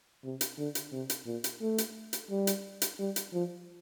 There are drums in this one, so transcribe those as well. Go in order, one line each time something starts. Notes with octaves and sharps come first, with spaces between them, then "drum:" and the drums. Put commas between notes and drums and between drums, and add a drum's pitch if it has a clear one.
C3
drum: hi-hat
D3
drum: hi-hat
C3
drum: hi-hat
A#2
drum: hi-hat
A3
drum: hi-hat
drum: hi-hat
G3
drum: hi-hat
drum: hi-hat
G3
drum: hi-hat
F3